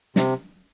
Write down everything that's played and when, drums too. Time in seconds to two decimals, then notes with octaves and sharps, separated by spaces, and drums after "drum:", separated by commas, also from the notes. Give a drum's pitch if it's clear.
0.16 C3, drum: snare